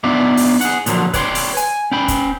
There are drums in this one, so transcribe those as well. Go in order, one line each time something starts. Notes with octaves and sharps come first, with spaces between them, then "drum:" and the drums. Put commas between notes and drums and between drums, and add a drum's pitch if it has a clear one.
B3 D4 D#4 F4 D5 E5
drum: open hi-hat
G#4 F#5, drum: hi-hat
A#2 D3 F3 F#3, drum: hi-hat
B4 C#5 D5 G5 C6, drum: kick, hi-hat
drum: open hi-hat
G#5, drum: hi-hat
C#4 G5 B5
drum: kick, hi-hat